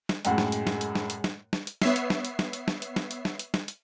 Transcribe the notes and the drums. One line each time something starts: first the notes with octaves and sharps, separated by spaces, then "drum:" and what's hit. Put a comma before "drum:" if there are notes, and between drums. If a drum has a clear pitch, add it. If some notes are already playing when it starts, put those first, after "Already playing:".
drum: snare
F#2 A2 G#3 F#5 G5, drum: hi-hat
drum: snare
drum: hi-hat
drum: snare
drum: hi-hat
drum: snare
drum: hi-hat
drum: snare
drum: snare
drum: hi-hat
B3 C#5 E5 C7, drum: snare
drum: hi-hat
drum: snare
drum: hi-hat
drum: snare
drum: hi-hat
drum: snare
drum: hi-hat
drum: snare
drum: hi-hat
drum: snare
drum: hi-hat
drum: snare
drum: hi-hat